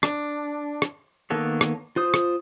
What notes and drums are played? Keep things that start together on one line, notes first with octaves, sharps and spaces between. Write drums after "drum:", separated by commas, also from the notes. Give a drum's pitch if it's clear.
D4, drum: rim click
drum: rim click
D#3 A#3 B3 A4 C#5
drum: rim click
F4 C5 D#6
drum: rim click